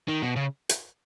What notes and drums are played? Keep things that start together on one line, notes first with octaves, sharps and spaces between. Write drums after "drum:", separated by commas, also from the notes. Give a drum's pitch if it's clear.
D#3
B2
C#3
drum: hi-hat